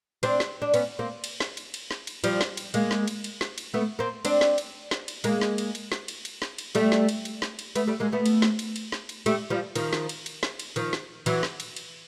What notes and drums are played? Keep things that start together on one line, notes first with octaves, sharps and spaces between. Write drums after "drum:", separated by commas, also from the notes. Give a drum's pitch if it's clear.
C4 D4, drum: cymbal
drum: snare
D4
B3 C#4, drum: cymbal
A#3 C4
drum: cymbal
drum: snare
drum: cymbal
drum: cymbal
drum: snare
drum: cymbal
F3 G3, drum: cymbal
drum: snare
drum: cymbal
G#3 A#3, drum: cymbal
drum: snare
drum: cymbal
drum: cymbal
drum: snare
drum: cymbal
A3 B3
A#3 C4
C4 D4, drum: cymbal
drum: snare
drum: cymbal
drum: snare
drum: cymbal
G#3 A#3, drum: cymbal
drum: snare
drum: cymbal
drum: cymbal
drum: snare
drum: cymbal
drum: cymbal
drum: snare
drum: cymbal
G3 A3, drum: cymbal
drum: snare
drum: cymbal
drum: cymbal
drum: snare
drum: cymbal
A3 B3, drum: cymbal
G3 A3
G#3 A#3
A3 B3
drum: cymbal
drum: snare
drum: cymbal
drum: cymbal
drum: snare
drum: cymbal
G3 A3, drum: cymbal
F3 G3
D#3 F3, drum: cymbal
drum: snare
drum: cymbal
drum: cymbal
drum: snare
drum: cymbal
D#3 F3, drum: cymbal
drum: snare
E3 F#3, drum: cymbal
drum: snare
drum: cymbal
drum: cymbal